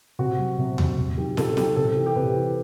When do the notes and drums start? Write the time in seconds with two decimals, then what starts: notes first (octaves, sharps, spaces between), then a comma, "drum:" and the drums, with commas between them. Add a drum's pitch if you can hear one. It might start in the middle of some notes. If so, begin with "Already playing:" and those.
0.19 C3 F#4
0.39 F#3
0.58 C3
0.78 F#3, drum: tom D#2
0.98 C3
1.18 D#3 F#3 G4
1.37 C3 A4, drum: snare
1.57 D#3 F#3 G4, drum: snare
1.76 C3 A4
1.96 E3 G4
2.06 G4
2.16 C3 B4
2.36 E3